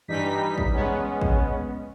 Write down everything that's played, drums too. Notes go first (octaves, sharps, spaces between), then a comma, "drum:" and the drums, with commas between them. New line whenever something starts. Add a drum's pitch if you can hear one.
G2 E3 G3 D#4 B6
drum: kick
G#3 B3 C#4
drum: kick